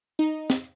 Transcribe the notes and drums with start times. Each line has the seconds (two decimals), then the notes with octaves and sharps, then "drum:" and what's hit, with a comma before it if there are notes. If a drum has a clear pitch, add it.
0.19 D#4
0.50 drum: snare